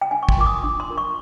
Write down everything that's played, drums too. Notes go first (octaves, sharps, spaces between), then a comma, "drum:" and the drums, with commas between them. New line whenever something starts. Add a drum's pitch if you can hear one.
G5
D4 G#5
C#6
C6, drum: kick
F4 A#4 D6
D#6
D4 C#6
C6
F4 A#4
C#6